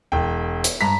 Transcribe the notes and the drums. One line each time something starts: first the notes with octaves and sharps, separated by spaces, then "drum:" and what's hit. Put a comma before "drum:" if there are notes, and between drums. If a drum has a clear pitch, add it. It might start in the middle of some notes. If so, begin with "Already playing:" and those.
E1 G5
drum: hi-hat
G2 A#5 B6